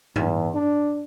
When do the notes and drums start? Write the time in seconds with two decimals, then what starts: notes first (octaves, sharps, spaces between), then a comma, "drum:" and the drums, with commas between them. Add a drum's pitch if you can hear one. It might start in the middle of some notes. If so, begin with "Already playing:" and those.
0.16 E2, drum: tom G2
0.54 D4